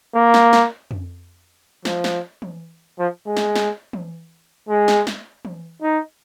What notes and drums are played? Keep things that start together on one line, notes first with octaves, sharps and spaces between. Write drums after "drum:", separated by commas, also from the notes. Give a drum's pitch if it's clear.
A#3
drum: snare
drum: snare
drum: tom F2
F3, drum: snare
drum: snare
drum: tom E3
F3
G#3
drum: snare
drum: snare
drum: tom E3
G#3
drum: snare
drum: snare
drum: tom E3
D#4